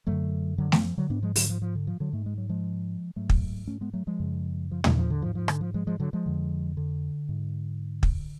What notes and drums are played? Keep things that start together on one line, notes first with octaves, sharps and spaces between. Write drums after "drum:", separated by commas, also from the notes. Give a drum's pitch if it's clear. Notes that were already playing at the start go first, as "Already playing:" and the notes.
F#2 D3 F#3 A3
D3 F#3
F3, drum: snare A3
F3
D3 F#3
G#2 B3 D4
F3 G#3
D3 F#3, drum: open hi-hat
F3
F3
D3
F3
D3 F#3
G#2 A3
G#3
F#3
F3 G#3
G#2 F#3 A3
drum: kick
A3 C#4
G#3 B3
F#3 A3
F3 G#3
F#2 C#3
F3
D3 F#3, drum: tom
F3
D3
G#2 F3
F3
D3, drum: rim click
F3
F3 G#3
F3 G#3
D3 F#3
F3 G#3
F2 D3
D3
G#2
drum: kick